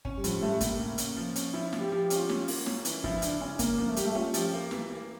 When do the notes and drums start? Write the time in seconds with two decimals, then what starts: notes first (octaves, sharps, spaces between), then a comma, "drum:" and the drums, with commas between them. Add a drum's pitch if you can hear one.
0.05 C#4, drum: kick
0.17 G3
0.24 A2 F3, drum: hi-hat
0.37 G3
0.42 A2 A3
0.61 A2 A#3, drum: kick, hi-hat
0.79 C#3
0.98 C#4, drum: hi-hat
1.16 F3
1.36 C#4, drum: hi-hat
1.54 F3 E4
1.73 F3, drum: snare
1.79 G4
1.91 F3 G4
2.04 G4
2.10 C#4, drum: hi-hat
2.16 F4
2.29 C#4, drum: snare
2.48 A#3, drum: open hi-hat
2.66 C#4, drum: snare
2.85 E3, drum: hi-hat
3.04 F3 E4, drum: kick
3.22 C#3 D4, drum: hi-hat
3.40 C#3 C#4
3.59 C#3 A#3, drum: kick, hi-hat
3.78 F3 A#3
3.88 A3
3.96 G3 G4, drum: hi-hat
4.05 A3
4.15 C#4 F4
4.34 F3 G4, drum: hi-hat
4.53 A#3
4.71 E3, drum: snare
4.91 A#3